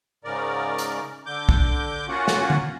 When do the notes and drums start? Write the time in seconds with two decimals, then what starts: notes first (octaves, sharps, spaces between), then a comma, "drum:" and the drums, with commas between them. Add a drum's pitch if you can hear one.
0.24 G#2 C#3 A#4 D5
0.78 drum: hi-hat
1.26 D3 D6 G6
1.49 drum: kick A#1
2.09 A#3 C#4 F4 F#4 F#5
2.28 drum: snare
2.50 drum: tom D3